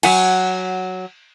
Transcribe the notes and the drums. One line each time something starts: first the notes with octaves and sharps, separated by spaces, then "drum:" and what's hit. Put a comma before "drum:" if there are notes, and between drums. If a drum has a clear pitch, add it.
F#3 F#5 G#5, drum: cymbal